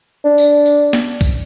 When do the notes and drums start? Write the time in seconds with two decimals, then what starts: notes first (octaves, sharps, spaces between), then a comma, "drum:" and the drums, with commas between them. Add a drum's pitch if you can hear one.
0.24 D4
0.38 drum: tambourine
0.66 drum: tambourine
0.93 drum: snare
1.21 drum: kick C2, tambourine